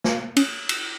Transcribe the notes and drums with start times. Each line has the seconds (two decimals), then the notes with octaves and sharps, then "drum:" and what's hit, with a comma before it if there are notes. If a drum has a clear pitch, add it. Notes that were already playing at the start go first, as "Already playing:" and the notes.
0.04 drum: snare
0.36 C#4, drum: cymbal
0.69 drum: cymbal